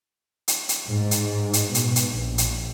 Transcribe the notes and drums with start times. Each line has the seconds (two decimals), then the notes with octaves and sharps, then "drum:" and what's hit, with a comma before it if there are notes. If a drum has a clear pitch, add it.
0.48 drum: hi-hat
0.69 drum: hi-hat
0.87 G#2
1.11 drum: hi-hat
1.53 drum: hi-hat
1.75 B2, drum: hi-hat
1.96 drum: hi-hat
2.11 A#1
2.38 drum: hi-hat